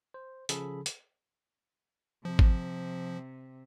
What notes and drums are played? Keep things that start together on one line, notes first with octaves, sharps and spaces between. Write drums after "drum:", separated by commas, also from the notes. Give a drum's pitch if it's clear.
C5
C#3 F3 G#4 A4 B5, drum: hi-hat
drum: hi-hat
C3 F3
drum: kick G#1